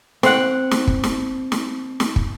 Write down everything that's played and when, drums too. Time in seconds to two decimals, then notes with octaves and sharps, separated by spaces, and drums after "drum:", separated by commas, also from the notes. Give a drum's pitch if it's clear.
0.23 C4 F#5, drum: snare
0.71 drum: snare
0.87 drum: kick
1.04 drum: snare
1.52 drum: snare
2.00 drum: snare
2.16 drum: kick